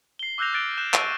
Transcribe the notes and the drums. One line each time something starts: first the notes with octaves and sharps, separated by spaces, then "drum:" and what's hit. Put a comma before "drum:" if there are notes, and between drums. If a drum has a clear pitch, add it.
C7 G7
D6 E6 F#6 G6 A#6 F7
F6 F#6 A6 D7 G7
F#6 G6 E7
C#6 E6 D7 D#7 F7, drum: clap